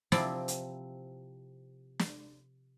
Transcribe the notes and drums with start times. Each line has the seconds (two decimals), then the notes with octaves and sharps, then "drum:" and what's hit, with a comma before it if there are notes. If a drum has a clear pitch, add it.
0.12 C3 F3 C4 E4 D5 G5, drum: snare
0.48 drum: hi-hat
1.99 drum: snare